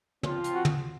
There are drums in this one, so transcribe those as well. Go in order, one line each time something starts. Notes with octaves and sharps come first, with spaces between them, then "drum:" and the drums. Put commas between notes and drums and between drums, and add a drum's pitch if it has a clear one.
F3 C4 F4, drum: tom
drum: hi-hat
F#4
drum: tom